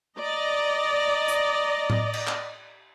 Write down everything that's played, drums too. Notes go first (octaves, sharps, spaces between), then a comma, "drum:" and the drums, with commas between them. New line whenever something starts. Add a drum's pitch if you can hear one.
D5 D#5 A#5
drum: hi-hat
drum: tom A2
drum: cymbal
drum: clap